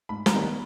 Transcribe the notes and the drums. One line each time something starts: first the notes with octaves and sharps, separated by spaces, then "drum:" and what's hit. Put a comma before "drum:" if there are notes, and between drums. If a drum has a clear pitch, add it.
G#2 B5
A#5, drum: snare
D#3 G3 B3
B5